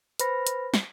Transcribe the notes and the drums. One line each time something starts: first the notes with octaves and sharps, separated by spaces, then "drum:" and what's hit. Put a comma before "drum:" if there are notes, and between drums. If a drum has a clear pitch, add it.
B4 C5 B5 A#6, drum: hi-hat
drum: hi-hat
drum: snare